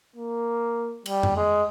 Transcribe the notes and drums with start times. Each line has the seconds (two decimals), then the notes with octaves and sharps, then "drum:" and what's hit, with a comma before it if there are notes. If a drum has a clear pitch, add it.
0.16 A#3
1.06 G3, drum: cymbal
1.23 drum: tom F2
1.36 G#3